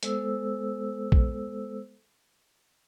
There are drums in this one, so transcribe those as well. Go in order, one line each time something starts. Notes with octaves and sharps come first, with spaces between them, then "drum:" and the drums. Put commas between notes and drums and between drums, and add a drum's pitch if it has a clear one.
G#3 B3 A4 C5 E6, drum: hi-hat
drum: kick